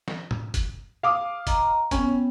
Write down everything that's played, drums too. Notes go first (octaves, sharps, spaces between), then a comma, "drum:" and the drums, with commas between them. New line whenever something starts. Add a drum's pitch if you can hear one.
drum: snare
drum: tom A2
drum: kick, hi-hat
F5 D6 D#6
D#5 A#5, drum: kick, hi-hat
B3 C#4 G5, drum: kick, hi-hat